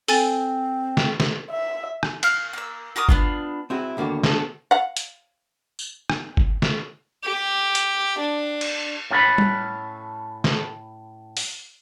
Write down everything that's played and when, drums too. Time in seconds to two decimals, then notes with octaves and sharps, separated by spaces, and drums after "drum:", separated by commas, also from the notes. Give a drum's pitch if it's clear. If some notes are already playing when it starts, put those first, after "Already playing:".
0.08 C4 A4 G#5 A6, drum: open hi-hat
0.97 drum: snare
1.20 drum: snare
1.50 E5
2.03 drum: rim click
2.23 F5 F6, drum: cymbal
2.53 A#3 E6
2.96 F#4 A#4 D6 D#6
3.09 B3 D4 F4, drum: kick G1
3.70 C4 E4 F#4 G#4
3.97 D#2 D3 A#3 B3 F#4
4.24 B3 D4 F#4 G#4 A4, drum: snare
4.71 F5 F#5
4.97 drum: hi-hat
5.79 drum: tambourine
6.10 drum: rim click
6.37 drum: kick G1
6.62 drum: snare
7.24 G4
7.75 drum: hi-hat
8.18 D4
8.61 drum: cymbal
9.11 A2 C#4 G4 A4 B4 B5
9.38 drum: tom G3
10.44 drum: snare
11.37 drum: open hi-hat